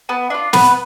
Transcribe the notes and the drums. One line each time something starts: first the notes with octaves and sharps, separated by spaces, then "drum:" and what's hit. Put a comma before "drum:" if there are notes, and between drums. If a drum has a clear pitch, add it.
B3
D4 F4
B3 B4, drum: snare